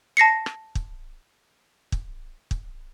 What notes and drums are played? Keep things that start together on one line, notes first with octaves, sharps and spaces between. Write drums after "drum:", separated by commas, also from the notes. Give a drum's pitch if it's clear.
A5 A#6 C7 C#7
drum: rim click
drum: kick
drum: kick
drum: kick